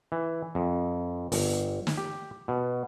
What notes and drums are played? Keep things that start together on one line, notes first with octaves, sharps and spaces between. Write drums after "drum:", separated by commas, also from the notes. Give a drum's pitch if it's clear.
E3
F2
G1, drum: open hi-hat
drum: snare
G4
B2